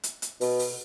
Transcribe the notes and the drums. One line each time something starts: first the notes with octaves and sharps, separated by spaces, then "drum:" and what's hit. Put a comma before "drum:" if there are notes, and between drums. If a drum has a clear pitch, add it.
drum: hi-hat
drum: hi-hat
B2, drum: open hi-hat
drum: open hi-hat